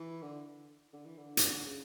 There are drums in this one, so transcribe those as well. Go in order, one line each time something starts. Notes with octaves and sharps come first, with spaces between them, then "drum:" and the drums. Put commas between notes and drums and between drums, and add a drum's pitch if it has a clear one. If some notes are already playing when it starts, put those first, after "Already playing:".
Already playing: E3
D3
D3
E3
D3
drum: hi-hat
C#3